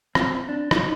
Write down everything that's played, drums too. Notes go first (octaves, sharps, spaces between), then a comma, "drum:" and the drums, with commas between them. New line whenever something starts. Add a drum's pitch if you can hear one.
C4, drum: rim click
D4
D#4, drum: rim click